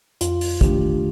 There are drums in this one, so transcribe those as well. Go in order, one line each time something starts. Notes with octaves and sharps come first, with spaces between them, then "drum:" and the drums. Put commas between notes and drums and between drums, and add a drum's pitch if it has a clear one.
F2 F4, drum: hi-hat
drum: open hi-hat
D#3 A3 D4 G4, drum: kick, hi-hat